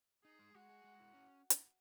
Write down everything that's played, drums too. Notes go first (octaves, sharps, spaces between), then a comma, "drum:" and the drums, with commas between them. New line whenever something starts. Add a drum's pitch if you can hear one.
D#4 G#4
G#3
G#3 F#4
G#4
G#3
E4
C#4
drum: hi-hat